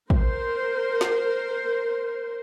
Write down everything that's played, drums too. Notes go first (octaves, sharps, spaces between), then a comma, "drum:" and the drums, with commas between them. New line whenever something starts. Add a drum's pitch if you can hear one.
A#4 C5, drum: kick
drum: snare